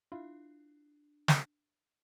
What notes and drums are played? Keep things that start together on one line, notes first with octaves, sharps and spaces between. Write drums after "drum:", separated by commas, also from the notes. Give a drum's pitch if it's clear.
D4 E4 F4
drum: snare